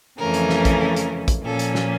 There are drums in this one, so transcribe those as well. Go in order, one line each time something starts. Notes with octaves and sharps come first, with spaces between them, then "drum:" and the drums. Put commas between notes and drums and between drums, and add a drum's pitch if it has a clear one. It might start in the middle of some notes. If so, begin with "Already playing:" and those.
F2 C#3 E3 A3 C#4 A#4
drum: hi-hat
drum: snare
drum: kick, hi-hat
drum: hi-hat
drum: kick, hi-hat
A#2 F3 A#3 C#4 A4
drum: hi-hat
drum: snare